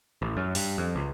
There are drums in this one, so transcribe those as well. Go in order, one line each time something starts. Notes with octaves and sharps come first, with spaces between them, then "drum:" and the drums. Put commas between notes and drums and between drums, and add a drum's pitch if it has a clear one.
A1
F#2
G2, drum: open hi-hat
F2
C#2